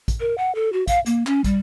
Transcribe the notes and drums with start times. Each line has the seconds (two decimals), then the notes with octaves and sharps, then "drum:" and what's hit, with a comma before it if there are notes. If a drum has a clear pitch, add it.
0.08 drum: kick, hi-hat
0.20 A#4
0.38 F#5
0.55 A4
0.73 F#4
0.87 F5, drum: kick, hi-hat
1.06 A#3, drum: hi-hat
1.27 C#4, drum: clap
1.44 G3, drum: kick, hi-hat